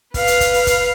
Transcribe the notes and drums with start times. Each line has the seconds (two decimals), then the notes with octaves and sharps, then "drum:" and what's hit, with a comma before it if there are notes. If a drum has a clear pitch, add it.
0.14 B4 F5, drum: kick, open hi-hat
0.27 drum: hi-hat
0.40 drum: kick, hi-hat
0.54 drum: open hi-hat
0.67 drum: kick, hi-hat